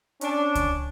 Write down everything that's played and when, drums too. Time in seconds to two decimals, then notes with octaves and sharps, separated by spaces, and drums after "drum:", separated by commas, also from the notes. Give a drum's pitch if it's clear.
0.21 C#4 D4, drum: hi-hat
0.55 drum: kick C#2, hi-hat